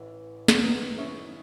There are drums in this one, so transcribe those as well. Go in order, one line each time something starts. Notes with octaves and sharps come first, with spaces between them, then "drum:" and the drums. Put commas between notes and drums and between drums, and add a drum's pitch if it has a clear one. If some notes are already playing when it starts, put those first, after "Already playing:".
Already playing: A1 A2 E3
drum: snare
F#1 F#2 D#3 B3 D#4
C#4 E4